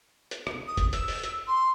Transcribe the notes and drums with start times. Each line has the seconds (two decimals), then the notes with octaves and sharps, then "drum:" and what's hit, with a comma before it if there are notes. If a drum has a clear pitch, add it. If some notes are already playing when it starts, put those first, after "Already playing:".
0.31 drum: hi-hat
0.47 drum: rim click
0.68 D#6
0.77 drum: kick, hi-hat
0.93 E6, drum: hi-hat
1.08 drum: open hi-hat
1.24 drum: hi-hat
1.48 C6